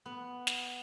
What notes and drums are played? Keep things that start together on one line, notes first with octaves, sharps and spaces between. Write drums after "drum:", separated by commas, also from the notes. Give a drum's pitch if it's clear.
B3
drum: snare